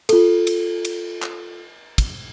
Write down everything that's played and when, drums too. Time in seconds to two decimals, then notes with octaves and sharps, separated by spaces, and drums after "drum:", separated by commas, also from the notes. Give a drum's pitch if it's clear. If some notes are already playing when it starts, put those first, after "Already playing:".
0.09 F4 A4, drum: cymbal
0.47 drum: cymbal
0.85 drum: cymbal
1.22 drum: clap
1.98 drum: kick, cymbal